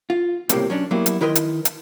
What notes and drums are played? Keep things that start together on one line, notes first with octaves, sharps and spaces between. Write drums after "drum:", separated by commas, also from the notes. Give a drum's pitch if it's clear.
F4
C#2 A2 C3 E3 G3 A#3, drum: hi-hat
F#3 C#4 D4
F#3 G3 A#3 B3 E4
drum: hi-hat
D#3 E4 A#4 B4 D#5 C6
drum: hi-hat
drum: hi-hat